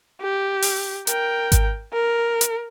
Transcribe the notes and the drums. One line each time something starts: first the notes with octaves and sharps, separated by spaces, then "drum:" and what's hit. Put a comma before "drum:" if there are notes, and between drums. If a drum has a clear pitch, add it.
G4
drum: open hi-hat
A#4 G5, drum: hi-hat
drum: kick G#1, hi-hat
A#4
drum: hi-hat